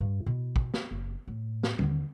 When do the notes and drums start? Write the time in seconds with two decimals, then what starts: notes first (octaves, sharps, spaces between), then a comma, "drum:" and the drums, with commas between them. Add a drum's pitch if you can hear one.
0.01 G2
0.26 B2 E4
0.56 drum: kick
0.74 drum: snare
0.91 F#1
1.28 A2
1.63 drum: snare
1.79 D#2 D3, drum: tom